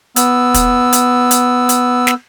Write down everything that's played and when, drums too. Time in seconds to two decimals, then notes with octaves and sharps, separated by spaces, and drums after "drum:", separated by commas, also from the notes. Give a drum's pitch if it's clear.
0.16 B3 E6, drum: hi-hat
0.54 drum: kick, hi-hat
0.93 drum: hi-hat
1.31 drum: hi-hat
1.69 drum: hi-hat
2.07 drum: snare